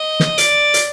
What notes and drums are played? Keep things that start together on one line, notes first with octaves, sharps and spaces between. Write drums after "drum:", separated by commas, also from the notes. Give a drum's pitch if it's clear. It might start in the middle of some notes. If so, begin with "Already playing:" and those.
Already playing: D#5
drum: snare
D5, drum: hi-hat
drum: hi-hat